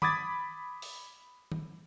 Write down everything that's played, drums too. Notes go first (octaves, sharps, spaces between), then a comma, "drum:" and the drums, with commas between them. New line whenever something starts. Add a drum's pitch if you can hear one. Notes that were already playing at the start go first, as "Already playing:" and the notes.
B5 D6 D#6 G#6 A6, drum: tom D#3
drum: open hi-hat
drum: tom D#3